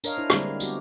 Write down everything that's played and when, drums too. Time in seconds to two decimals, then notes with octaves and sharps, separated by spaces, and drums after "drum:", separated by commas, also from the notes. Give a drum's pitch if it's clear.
0.04 D4 A#4 C#5 D#5 F5, drum: tambourine
0.17 D4 E4 C5
0.30 D3 G3 G#3 A#3 C4 E4, drum: rim click
0.60 B3 F#4 G4, drum: tambourine